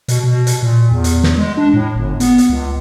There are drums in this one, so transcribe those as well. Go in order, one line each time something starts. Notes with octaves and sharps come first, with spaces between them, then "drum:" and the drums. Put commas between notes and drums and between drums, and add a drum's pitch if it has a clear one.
B2, drum: hi-hat
B2
drum: hi-hat
A#2
E2
drum: hi-hat
drum: snare
G#3
D4
A2
G1
B3, drum: hi-hat
drum: hi-hat
C#2